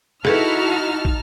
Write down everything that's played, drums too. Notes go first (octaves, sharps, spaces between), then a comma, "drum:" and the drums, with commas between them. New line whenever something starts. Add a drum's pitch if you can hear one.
D#4 E4 F#4 G#4 A4 B4 A5 F6, drum: snare
drum: kick